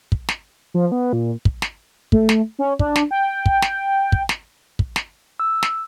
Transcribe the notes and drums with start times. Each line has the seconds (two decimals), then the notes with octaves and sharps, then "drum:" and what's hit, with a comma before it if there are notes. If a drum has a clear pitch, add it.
0.12 drum: kick
0.29 drum: snare
0.74 F3
0.92 B3
1.13 A#2
1.45 drum: kick
1.62 drum: snare
2.12 A3, drum: kick
2.29 drum: snare
2.59 C#4
2.79 D4, drum: kick
2.96 drum: snare
3.11 G5
3.46 drum: kick
3.62 drum: snare
4.12 drum: kick
4.29 drum: snare
4.79 drum: kick
4.96 drum: snare
5.40 E6
5.63 drum: snare